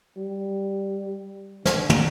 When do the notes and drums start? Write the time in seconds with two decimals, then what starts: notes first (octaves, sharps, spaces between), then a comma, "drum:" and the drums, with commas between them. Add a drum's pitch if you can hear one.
0.17 G3
1.65 D3, drum: snare
1.90 drum: tom